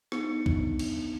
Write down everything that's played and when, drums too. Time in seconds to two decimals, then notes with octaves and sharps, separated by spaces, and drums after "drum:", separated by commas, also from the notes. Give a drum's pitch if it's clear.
0.12 B3 D4 D#4 C#7, drum: rim click
0.46 drum: kick
0.79 drum: cymbal